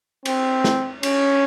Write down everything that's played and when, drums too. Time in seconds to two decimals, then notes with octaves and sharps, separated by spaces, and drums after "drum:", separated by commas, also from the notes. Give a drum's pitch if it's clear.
0.25 C4, drum: cymbal
0.64 drum: snare
1.03 C#4, drum: cymbal